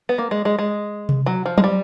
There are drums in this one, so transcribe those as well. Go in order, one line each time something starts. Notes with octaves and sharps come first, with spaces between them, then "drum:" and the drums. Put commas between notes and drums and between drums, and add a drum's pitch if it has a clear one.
B3
A#3
G#3
G#3
G#3
drum: tom C3
F#3
F3
G#3, drum: tom F#3
G3